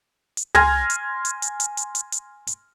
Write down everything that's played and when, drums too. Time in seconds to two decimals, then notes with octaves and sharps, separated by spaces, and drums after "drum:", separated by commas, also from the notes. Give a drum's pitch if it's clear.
0.37 drum: hi-hat
0.55 G#5 C6 F6 G#6 A#6, drum: tom
0.90 drum: hi-hat
1.25 drum: hi-hat
1.42 drum: hi-hat
1.60 drum: hi-hat
1.77 drum: hi-hat
1.95 drum: hi-hat
2.12 drum: hi-hat
2.47 drum: hi-hat